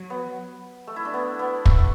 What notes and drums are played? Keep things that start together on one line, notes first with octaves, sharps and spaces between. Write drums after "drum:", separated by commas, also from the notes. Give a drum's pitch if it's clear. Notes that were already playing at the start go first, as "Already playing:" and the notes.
Already playing: F#3
B3
A3
E4
D4
B3
B3
A3, drum: kick